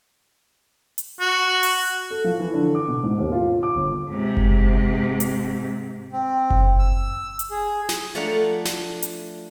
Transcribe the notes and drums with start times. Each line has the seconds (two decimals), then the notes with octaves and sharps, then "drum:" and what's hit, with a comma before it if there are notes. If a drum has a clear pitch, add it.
0.98 drum: hi-hat
1.20 F#4
1.63 drum: open hi-hat
2.11 A4
2.24 F3
2.40 E3
2.54 D3
2.75 D6
2.88 B2
3.03 G#2
3.19 D#2
3.32 F4
3.63 D6
3.75 G1
4.09 G#2 C3
4.37 drum: kick F#1
5.20 drum: hi-hat
6.13 C4
6.50 drum: kick F#1
6.79 E6
7.39 drum: hi-hat
7.51 G#4
7.89 drum: snare
8.15 F3 A3 D4 F5 F#5 A#5
8.65 drum: snare
9.02 drum: hi-hat